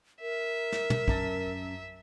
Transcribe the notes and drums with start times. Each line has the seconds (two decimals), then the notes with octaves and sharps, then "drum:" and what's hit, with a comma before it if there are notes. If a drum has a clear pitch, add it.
0.21 A#4 E5
0.72 drum: snare
0.90 drum: tom
1.08 F#2 A5 A6, drum: kick